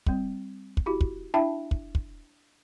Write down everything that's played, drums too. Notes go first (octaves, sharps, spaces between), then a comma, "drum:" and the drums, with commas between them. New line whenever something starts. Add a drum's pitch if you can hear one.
G3 C4, drum: kick
drum: kick
E4 F#4 G4
drum: kick
D4 E4 E5 G5 A5
drum: kick
drum: kick